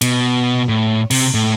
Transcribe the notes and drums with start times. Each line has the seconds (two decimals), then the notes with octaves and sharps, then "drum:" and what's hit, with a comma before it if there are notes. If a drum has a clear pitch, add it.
0.02 B2, drum: cymbal
0.69 A2
1.11 C3, drum: cymbal
1.34 A2